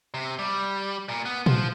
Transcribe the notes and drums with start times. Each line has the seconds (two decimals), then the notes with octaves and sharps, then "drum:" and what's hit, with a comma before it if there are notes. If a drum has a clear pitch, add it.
0.14 C3
0.39 G3
1.09 A#2
1.25 B3
1.46 F3, drum: tom A#2